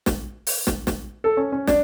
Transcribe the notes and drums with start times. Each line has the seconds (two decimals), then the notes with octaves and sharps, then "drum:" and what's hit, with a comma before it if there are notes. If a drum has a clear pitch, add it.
0.06 drum: snare
0.47 drum: open hi-hat
0.67 drum: snare
0.87 drum: snare
1.24 A4
1.37 C#4
1.52 C#4
1.67 D4, drum: snare